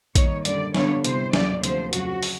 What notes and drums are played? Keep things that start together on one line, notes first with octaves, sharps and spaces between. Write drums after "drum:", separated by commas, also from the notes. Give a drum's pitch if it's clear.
D#3 G3 A#3 D#4 C#5, drum: kick A#1, hi-hat
F#2 D3 G3 D5, drum: hi-hat
D3 G3 B3 D4 F4 C#5, drum: snare
C3 E3 G3 B3 C5, drum: hi-hat
D#2 C#3 F#3 D5, drum: snare
D2 C3 F3 C5, drum: hi-hat
F2 C#3 F#3 F#4, drum: hi-hat
drum: open hi-hat